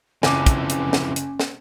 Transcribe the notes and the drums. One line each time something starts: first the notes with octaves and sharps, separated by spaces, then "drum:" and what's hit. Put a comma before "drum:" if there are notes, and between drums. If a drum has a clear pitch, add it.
F#1 F2 E3 C#4 G#5 D6 D#7, drum: snare
drum: kick, hi-hat
drum: hi-hat
drum: snare
drum: hi-hat
drum: snare